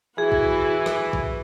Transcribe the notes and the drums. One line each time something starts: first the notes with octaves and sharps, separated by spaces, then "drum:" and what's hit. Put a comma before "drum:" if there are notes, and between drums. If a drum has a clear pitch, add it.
E3 E4 F#4 G#4
drum: kick A#1
drum: rim click
drum: kick A#1